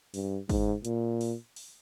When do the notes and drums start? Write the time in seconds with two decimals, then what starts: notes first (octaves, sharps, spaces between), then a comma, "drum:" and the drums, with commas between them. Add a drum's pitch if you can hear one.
0.14 G2, drum: open hi-hat
0.49 G#2, drum: kick, open hi-hat
0.85 A#2, drum: hi-hat
1.21 drum: open hi-hat
1.56 drum: open hi-hat